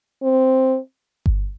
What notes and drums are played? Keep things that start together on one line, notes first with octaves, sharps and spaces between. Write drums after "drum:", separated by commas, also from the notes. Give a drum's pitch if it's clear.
C4
drum: kick G1